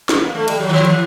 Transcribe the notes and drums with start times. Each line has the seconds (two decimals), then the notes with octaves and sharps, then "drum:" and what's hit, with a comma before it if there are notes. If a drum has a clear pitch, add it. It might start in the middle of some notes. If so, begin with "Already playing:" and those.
0.09 B3, drum: snare
0.22 A#3
0.35 A3
0.48 G3, drum: cymbal
0.60 F#3
0.69 E3
0.73 F3
0.86 E3